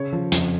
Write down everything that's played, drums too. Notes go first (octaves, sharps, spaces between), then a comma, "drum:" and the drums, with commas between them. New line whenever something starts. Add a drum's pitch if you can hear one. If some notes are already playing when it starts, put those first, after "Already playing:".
Already playing: C#3 C#5
F3
F2, drum: hi-hat